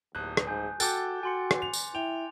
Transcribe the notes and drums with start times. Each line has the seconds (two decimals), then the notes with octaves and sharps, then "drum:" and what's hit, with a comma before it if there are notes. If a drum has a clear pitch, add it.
0.15 D1 D#2 F#6
0.37 drum: rim click
0.47 G#2 G#5 G6
0.80 F#4 A4 G5 D6 F#6 A6, drum: tambourine
1.23 F#4 G#5 C6 C#7
1.51 drum: rim click
1.62 F7
1.73 drum: tambourine
1.95 E4 G5 F7